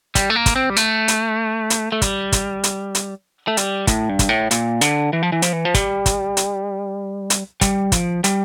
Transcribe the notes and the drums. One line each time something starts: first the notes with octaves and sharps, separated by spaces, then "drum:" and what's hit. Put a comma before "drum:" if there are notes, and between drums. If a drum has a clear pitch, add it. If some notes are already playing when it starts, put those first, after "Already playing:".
G3, drum: kick, hi-hat
A3
A#3
drum: kick, hi-hat
C4
G3
A3, drum: hi-hat
drum: hi-hat
drum: hi-hat
A3
G3, drum: kick, hi-hat
drum: kick, hi-hat
drum: hi-hat
drum: hi-hat
A3
G3, drum: hi-hat
A2, drum: kick, hi-hat
G2
drum: kick, hi-hat
A2
A#2, drum: hi-hat
D3, drum: hi-hat
E3
F3
E3
F3, drum: hi-hat
E3
F3
G3, drum: kick, hi-hat
drum: kick, hi-hat
drum: hi-hat
drum: hi-hat
G3, drum: kick, hi-hat
F3, drum: kick, hi-hat
G3, drum: hi-hat